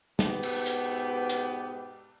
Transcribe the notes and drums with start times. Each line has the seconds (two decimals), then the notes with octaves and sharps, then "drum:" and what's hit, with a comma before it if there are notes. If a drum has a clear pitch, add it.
0.19 G#2 B2 B3 G4, drum: snare
0.43 drum: cymbal
0.66 drum: hi-hat
1.29 drum: hi-hat